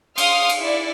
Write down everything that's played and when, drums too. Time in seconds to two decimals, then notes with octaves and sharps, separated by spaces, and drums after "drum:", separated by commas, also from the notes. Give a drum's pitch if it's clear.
0.18 F5 C6 D#6 F6, drum: cymbal
0.49 drum: cymbal
0.61 E4 D5